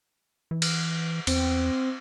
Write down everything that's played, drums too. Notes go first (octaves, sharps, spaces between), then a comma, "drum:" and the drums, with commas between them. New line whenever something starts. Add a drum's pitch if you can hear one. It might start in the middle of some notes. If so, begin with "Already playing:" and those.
E3
drum: cymbal
E2 C4, drum: cymbal